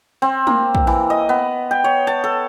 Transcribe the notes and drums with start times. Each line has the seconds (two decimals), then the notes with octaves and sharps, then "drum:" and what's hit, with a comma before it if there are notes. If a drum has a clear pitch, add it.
0.22 C4
0.47 A#3, drum: tom
0.75 drum: kick
0.87 E3
1.10 D#5
1.29 B3
1.71 G5
1.84 C#5
2.07 A5
2.24 A4